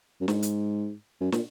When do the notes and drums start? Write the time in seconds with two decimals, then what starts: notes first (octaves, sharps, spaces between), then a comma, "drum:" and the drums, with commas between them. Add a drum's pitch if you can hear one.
0.21 F#2
0.28 G#2, drum: snare
0.42 drum: hi-hat
1.21 F#2
1.32 A#2, drum: snare